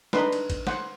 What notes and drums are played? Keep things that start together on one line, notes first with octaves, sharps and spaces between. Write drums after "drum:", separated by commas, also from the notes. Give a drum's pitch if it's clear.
D4 D#4 B4 C6, drum: snare
drum: cymbal
drum: kick A1, cymbal
C5 F#5, drum: snare